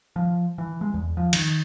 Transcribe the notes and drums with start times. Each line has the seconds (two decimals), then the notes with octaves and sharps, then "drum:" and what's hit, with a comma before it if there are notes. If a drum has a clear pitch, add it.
0.16 F3
0.58 E3
0.81 G#3
0.94 E2
1.17 F3
1.33 D#3, drum: cymbal